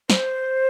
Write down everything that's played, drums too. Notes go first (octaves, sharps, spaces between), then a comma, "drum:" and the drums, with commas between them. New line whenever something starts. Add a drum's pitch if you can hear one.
C5, drum: snare